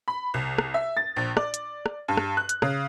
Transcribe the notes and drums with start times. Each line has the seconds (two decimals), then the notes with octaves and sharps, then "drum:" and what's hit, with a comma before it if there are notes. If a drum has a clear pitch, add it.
0.08 B5
0.34 C2
0.58 drum: rim click
0.74 E5
0.97 A6
1.16 A#1
1.37 D5, drum: rim click
1.54 drum: hi-hat
1.86 drum: rim click
2.08 G2
2.17 drum: rim click
2.37 F#6
2.49 drum: hi-hat
2.62 C#3, drum: rim click